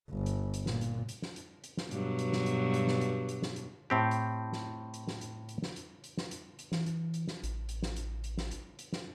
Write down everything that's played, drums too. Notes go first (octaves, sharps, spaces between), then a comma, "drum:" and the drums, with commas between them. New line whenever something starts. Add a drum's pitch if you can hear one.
G1
drum: hi-hat
drum: hi-hat
A#2, drum: snare
drum: hi-hat
drum: hi-hat
drum: snare
drum: hi-hat
drum: hi-hat
drum: snare
G2 B2 F#3, drum: hi-hat
drum: hi-hat
drum: snare
drum: hi-hat
drum: hi-hat
drum: snare
drum: hi-hat
drum: hi-hat
drum: snare
drum: hi-hat
A2 C4 G4
drum: hi-hat
drum: snare
drum: hi-hat
drum: snare
drum: hi-hat
drum: hi-hat
drum: snare
drum: hi-hat
drum: hi-hat
drum: snare
drum: hi-hat
drum: hi-hat
E3, drum: snare
drum: hi-hat
drum: hi-hat
drum: snare
A1, drum: hi-hat
drum: hi-hat
drum: snare
drum: hi-hat
drum: hi-hat
drum: snare
drum: hi-hat
drum: hi-hat
drum: snare